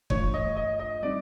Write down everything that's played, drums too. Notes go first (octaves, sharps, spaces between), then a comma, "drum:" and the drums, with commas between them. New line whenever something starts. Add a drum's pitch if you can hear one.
G2 E3 A3 D4 F4 C#5, drum: kick
D#5
D#5
D#5
G3 C4 D#4 D5